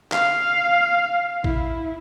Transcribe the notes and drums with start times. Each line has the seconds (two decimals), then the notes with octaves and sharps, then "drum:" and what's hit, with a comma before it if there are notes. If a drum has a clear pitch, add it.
0.12 F5, drum: clap
1.44 E4, drum: kick A1